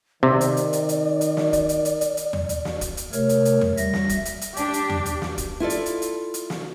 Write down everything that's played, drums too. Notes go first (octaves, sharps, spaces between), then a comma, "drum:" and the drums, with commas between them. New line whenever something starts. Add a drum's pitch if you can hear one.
C3 D#3 D5
drum: hi-hat
drum: hi-hat
drum: hi-hat
drum: hi-hat
drum: hi-hat
drum: snare
drum: kick, hi-hat
drum: hi-hat
drum: hi-hat
drum: hi-hat
drum: hi-hat
drum: tom E2
drum: hi-hat
drum: snare
drum: kick, hi-hat
drum: hi-hat
C3 A3 A#4 C#5, drum: hi-hat
drum: hi-hat
drum: hi-hat
drum: tom E2
G3 E5 A#6, drum: hi-hat
drum: snare
drum: kick, hi-hat
drum: hi-hat
drum: hi-hat
D4 G4, drum: hi-hat
drum: hi-hat
drum: tom E2
drum: hi-hat
drum: snare
drum: kick, hi-hat
E4 F4 A4 D5
drum: hi-hat
drum: hi-hat
drum: hi-hat
drum: hi-hat
drum: snare